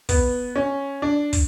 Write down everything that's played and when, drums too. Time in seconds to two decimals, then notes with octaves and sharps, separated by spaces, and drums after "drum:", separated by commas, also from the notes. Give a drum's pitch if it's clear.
0.09 B3, drum: kick, open hi-hat
0.56 C#4
1.02 D4
1.33 drum: kick, open hi-hat